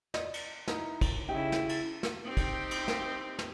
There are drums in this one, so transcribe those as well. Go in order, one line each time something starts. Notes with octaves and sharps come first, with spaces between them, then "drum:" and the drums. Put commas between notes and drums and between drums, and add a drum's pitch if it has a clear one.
D5 D#5, drum: snare
drum: cymbal
D#4 E4 A#5, drum: snare
drum: kick, cymbal
C#3 D#4 E4 G4 G5
drum: snare
drum: cymbal
drum: snare
C4 D#4 G4
drum: kick, cymbal
drum: cymbal
drum: snare
drum: snare